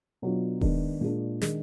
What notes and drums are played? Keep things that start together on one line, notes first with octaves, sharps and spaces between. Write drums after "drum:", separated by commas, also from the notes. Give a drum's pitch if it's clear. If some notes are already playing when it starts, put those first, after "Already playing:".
B2 F#3 B3 D4 F4
D#3 G#3 B3 D4, drum: kick D#1
A#2 G#3 D4
D#3 G#3 D4 G#4, drum: snare